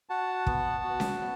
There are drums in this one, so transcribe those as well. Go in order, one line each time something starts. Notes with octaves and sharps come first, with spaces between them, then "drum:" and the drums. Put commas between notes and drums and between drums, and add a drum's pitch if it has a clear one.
F#4 F#5 A5
B3, drum: kick
F#4
drum: snare C#4
B3